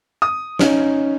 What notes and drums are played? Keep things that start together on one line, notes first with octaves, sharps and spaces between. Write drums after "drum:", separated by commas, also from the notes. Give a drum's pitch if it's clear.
D#6
C#4 D#4, drum: snare